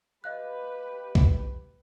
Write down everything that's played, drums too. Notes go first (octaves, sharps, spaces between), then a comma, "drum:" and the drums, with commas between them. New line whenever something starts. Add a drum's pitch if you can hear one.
G4 B4 D#5 F5 F#6
drum: kick